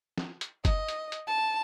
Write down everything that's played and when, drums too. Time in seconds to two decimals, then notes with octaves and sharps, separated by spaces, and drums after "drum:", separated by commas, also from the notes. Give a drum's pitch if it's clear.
0.18 drum: snare
0.41 drum: hi-hat
0.65 D#5, drum: kick F#1, hi-hat
0.88 drum: hi-hat
1.12 drum: hi-hat
1.27 A5